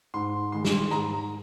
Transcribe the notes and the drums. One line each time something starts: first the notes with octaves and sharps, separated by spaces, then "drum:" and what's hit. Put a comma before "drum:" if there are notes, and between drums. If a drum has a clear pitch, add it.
G#2 C6
D#3 G#3 C6
drum: snare
G#2 A#5, drum: rim click